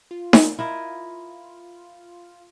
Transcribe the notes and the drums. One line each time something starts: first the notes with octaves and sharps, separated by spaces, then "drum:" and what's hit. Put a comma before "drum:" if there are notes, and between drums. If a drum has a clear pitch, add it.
F4
drum: snare D#4
E4 F4 A#4 D#5